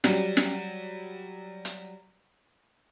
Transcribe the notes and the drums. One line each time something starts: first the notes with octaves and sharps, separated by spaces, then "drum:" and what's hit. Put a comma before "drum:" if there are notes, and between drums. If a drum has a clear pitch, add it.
F#3 G3, drum: snare
drum: snare
drum: hi-hat